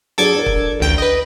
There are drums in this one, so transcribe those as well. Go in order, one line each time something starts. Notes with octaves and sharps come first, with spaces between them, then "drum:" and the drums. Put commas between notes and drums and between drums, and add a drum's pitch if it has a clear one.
F#3 D4 G#4 A4 D6 G#6
D4 A#4
drum: kick
A1 D2 G5
B4 D#5